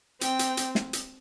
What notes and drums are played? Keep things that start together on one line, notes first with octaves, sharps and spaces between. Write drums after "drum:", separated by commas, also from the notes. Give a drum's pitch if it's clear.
C4 G5, drum: hi-hat
drum: hi-hat
drum: hi-hat
drum: snare
drum: hi-hat